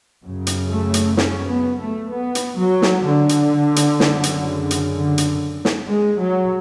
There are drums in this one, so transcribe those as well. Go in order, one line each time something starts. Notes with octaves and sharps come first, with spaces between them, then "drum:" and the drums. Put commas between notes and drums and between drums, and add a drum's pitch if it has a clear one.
F#2 C#3
drum: hi-hat
A3
drum: hi-hat
C#4, drum: snare
B3
A3
B3
drum: hi-hat
F#3
drum: snare
D3
drum: hi-hat
drum: hi-hat
F#2 C#3, drum: snare
drum: hi-hat
drum: hi-hat
D3
drum: hi-hat
drum: snare
G#3
F#3